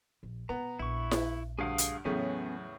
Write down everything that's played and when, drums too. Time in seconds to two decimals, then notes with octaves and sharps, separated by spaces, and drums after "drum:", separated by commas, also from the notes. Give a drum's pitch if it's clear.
0.23 A#1
0.49 B2 B3 A#5
0.79 A#1 E4 C#6
1.11 drum: snare E4
1.59 D2 G2 G#4 F5 D#6
1.78 drum: hi-hat
2.05 E2 A2 C#3 F#3 B3 C#4 G#4